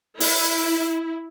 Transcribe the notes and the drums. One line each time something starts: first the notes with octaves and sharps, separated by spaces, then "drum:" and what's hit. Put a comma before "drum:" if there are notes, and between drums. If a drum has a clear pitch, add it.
E4, drum: open hi-hat